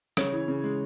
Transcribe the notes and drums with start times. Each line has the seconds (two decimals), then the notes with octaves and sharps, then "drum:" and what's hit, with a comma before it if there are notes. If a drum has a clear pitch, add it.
0.17 C#3 C#5, drum: rim click
0.32 E3
0.48 C#3
0.64 G#3